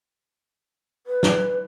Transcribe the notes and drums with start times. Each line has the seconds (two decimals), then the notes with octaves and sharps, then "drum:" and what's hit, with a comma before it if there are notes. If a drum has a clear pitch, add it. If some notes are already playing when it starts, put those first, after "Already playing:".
1.07 B4
1.23 drum: snare